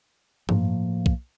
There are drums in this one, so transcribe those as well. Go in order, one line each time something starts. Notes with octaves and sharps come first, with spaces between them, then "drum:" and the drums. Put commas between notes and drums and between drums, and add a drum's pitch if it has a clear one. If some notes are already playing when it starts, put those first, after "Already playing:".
A2 F3 A#3, drum: tom G2
drum: kick